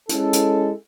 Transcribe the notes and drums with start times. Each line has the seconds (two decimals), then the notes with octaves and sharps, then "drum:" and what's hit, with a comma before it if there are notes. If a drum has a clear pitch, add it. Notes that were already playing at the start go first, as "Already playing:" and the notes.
0.09 G#3 C#4 E4 A4, drum: hi-hat
0.33 drum: hi-hat